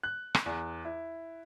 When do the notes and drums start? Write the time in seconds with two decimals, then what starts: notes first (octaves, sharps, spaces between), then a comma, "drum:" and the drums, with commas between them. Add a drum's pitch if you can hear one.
0.03 F#6
0.35 drum: rim click
0.46 E2
0.85 E4